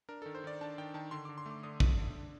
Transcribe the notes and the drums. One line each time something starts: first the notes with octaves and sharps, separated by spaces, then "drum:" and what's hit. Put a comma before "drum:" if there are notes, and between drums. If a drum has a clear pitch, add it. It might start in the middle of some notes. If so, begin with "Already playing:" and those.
D4 A#4
D#3 A4
C5
D#3 D5
D4 A5
D#3 G5
D#3 A5
D3 C6
D3 D6
C6
A3 D6
D3 D#6
D3, drum: kick
D3
D4